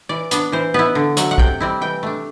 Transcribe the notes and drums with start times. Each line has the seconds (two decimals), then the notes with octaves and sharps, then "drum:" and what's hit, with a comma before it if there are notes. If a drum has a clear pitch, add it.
0.09 E3 D5
0.31 B3 D4, drum: hi-hat
0.52 E3 C5
0.74 B3 E4 B4
0.95 D3
1.17 F#3 A3 F#5, drum: hi-hat
1.31 F#5
1.38 C3 G5, drum: kick
1.60 G3 C4 E4
1.81 E3 G5
2.03 A3 D4